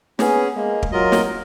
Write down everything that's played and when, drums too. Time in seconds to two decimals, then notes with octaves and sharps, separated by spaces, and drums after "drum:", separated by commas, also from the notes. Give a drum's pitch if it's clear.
0.19 B3 C#4 G#4, drum: snare
0.56 G#3 A#3
0.83 drum: kick
0.92 F#3 F4 A#4 D#5
1.12 drum: snare